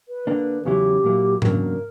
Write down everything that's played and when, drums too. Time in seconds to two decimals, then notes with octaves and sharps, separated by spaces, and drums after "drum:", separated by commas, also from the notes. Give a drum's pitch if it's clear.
0.08 B4
0.27 D3 A#3 D4
0.65 E2 C#3 F#3 C#4 E4 G4
1.04 A#2 F#3 A#3 E4
1.42 E2 C#3 F#3 A#3 D4 A#4, drum: tom G#2